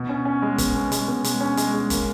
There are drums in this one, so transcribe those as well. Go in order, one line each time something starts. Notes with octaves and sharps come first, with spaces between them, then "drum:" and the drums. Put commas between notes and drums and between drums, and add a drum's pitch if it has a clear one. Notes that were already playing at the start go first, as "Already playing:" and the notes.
Already playing: B2
C#4
C#4
G#3
B2, drum: kick, hi-hat
B2
G#3, drum: hi-hat
B2
G#3, drum: hi-hat
C#4
G#3, drum: hi-hat
G#3
A#3, drum: kick, hi-hat